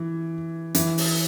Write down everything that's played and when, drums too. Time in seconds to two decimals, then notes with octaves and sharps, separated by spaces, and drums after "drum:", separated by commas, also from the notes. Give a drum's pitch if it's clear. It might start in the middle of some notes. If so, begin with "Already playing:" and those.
Already playing: E3
0.75 E3, drum: hi-hat
0.98 drum: open hi-hat